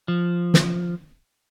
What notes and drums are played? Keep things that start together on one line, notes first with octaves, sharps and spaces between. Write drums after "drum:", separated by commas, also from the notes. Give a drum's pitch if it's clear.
F3
drum: snare